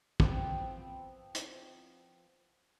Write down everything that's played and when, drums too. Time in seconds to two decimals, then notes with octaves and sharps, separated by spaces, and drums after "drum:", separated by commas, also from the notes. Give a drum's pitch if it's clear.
0.20 F3 B3 C4, drum: kick
1.35 drum: hi-hat